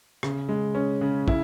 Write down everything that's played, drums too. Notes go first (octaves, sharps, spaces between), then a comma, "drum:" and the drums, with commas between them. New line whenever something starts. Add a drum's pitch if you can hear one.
C#3, drum: rim click
G#3
C#4
C#3
E4, drum: kick